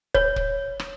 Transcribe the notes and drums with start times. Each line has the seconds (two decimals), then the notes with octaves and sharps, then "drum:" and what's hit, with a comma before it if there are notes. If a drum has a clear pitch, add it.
0.15 C#5, drum: kick
0.36 drum: kick
0.80 drum: rim click